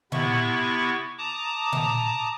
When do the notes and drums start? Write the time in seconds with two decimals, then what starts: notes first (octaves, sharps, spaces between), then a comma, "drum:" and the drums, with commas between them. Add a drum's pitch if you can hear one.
0.12 C3 B3 E4 C#6, drum: tom A#2
1.18 A5 A#5 D6 D#6
1.72 drum: tom A#2